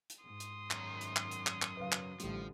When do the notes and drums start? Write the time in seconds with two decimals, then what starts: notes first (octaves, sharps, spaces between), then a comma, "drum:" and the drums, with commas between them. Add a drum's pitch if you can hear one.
0.10 drum: hi-hat
0.23 G#2 C6 D#6
0.40 drum: hi-hat
0.71 F#2 D#3, drum: clap
1.01 drum: hi-hat
1.16 drum: clap
1.31 drum: hi-hat
1.47 drum: clap
1.62 drum: clap
1.77 C#3 F#3 B4 F5
1.92 drum: clap
2.20 A1 D3 F3 G3, drum: hi-hat